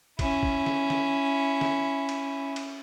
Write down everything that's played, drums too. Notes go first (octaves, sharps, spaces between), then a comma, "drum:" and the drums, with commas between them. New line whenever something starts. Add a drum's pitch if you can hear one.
C#4 E4, drum: kick, cymbal
drum: kick
drum: snare
drum: snare
drum: snare
drum: cymbal
drum: cymbal